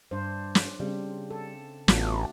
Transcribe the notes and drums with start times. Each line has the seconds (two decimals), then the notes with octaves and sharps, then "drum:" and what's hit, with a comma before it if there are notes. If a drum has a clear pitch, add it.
0.11 G2 D4 C5
0.55 drum: snare
0.80 C#3 G3 C4
1.30 A4
1.88 A1 A3 B3 D4 F4 F#4, drum: snare